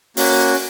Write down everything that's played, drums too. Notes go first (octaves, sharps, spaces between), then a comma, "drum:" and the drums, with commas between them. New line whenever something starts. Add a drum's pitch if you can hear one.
A#3 C#4 F#4, drum: open hi-hat